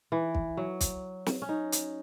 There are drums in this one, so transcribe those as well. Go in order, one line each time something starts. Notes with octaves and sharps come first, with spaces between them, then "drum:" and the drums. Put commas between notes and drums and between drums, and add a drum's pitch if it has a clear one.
E3
drum: kick
F#3
drum: kick, hi-hat
drum: snare
C#4
D#4
drum: hi-hat